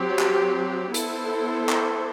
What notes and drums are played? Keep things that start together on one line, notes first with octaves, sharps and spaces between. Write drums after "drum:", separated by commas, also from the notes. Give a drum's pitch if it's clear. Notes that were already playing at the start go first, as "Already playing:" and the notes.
Already playing: F#3 C4 G4
drum: clap
B3 E4 A4 C5, drum: hi-hat
drum: clap